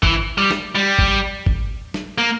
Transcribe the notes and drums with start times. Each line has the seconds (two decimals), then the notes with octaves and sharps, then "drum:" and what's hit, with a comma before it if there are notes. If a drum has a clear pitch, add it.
0.03 E3, drum: kick
0.38 G3
0.51 drum: snare
0.75 G3
0.99 drum: kick
1.46 drum: kick
1.94 drum: snare
2.18 A#3